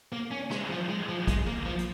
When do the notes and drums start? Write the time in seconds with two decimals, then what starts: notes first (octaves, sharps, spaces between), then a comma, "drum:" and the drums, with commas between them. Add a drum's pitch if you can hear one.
0.12 A#3
0.31 C#4
0.51 G#3, drum: rim click
0.70 F3
0.89 G#3
1.09 F3
1.27 G#3, drum: kick A#1, hi-hat
1.47 A#3
1.66 F3
1.78 drum: hi-hat